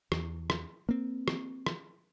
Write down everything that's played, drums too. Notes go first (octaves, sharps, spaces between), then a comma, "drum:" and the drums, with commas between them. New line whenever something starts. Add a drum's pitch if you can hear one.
E2, drum: rim click
drum: rim click
A#3 C4
drum: rim click
drum: rim click